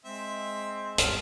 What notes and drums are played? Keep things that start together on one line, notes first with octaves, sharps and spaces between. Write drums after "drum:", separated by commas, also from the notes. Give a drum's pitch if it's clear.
G#3 C4 E5
G2 B2 D#3 A4 F6, drum: hi-hat